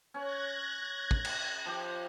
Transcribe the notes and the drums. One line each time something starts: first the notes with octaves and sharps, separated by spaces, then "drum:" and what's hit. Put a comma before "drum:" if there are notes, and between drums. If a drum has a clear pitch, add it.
C#4 C#5 F#6 G#6 A#6
drum: kick
drum: cymbal
F3 G4